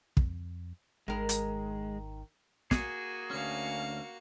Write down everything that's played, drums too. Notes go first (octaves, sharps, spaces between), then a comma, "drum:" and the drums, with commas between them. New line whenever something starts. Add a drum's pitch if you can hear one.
F2, drum: kick
G#1 D#3 G#3 A#4
drum: hi-hat
A#3 F#4 G#4, drum: snare
D2 C#4 F5 C#7